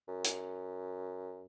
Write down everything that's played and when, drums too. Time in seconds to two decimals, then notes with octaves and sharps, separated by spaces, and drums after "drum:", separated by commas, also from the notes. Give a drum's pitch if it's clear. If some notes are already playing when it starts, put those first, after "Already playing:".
0.08 F#2
0.24 drum: hi-hat